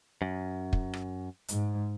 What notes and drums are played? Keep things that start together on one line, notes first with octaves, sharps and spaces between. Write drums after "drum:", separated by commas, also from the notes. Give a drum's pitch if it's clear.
F#2
drum: kick
drum: rim click
G#2, drum: hi-hat